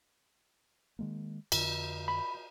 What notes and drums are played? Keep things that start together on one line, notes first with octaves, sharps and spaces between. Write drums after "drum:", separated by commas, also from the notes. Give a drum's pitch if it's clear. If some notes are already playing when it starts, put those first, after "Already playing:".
D#3 G#3 A#3
F2 D3, drum: cymbal
B5